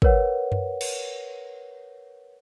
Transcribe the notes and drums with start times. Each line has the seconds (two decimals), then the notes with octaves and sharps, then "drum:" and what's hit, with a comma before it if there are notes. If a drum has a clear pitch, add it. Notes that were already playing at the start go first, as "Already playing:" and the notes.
0.02 A#4 B4 C#5 F#5, drum: kick
0.52 drum: tom F#2
0.81 drum: cymbal